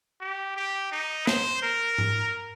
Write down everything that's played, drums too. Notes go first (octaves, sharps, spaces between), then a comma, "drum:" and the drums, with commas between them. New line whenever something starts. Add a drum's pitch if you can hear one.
G4
G4
D#4
C5, drum: snare
A#4
drum: tom G#2